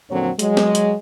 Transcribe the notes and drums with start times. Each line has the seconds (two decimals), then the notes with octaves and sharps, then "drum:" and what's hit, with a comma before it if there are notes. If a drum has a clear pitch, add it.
0.10 F2 A#2 D3 F#3 C4 C#5
0.39 F#3 G#3, drum: hi-hat
0.57 drum: snare
0.75 drum: hi-hat